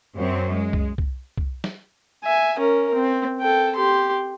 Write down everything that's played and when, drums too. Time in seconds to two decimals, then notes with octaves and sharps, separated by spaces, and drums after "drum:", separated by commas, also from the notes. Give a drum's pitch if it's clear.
0.16 F#2 C4
0.53 G#3
0.73 drum: kick
0.98 drum: kick
1.38 drum: kick
1.64 drum: snare
2.24 E5 G#5
2.59 C#4 A#4
2.94 C4
3.40 A4 G5
3.76 G4 C6